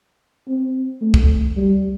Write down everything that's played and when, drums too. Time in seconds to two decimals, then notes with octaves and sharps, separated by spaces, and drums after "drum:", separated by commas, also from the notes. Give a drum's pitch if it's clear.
0.48 C4
1.02 A3
1.14 drum: kick C2
1.57 G3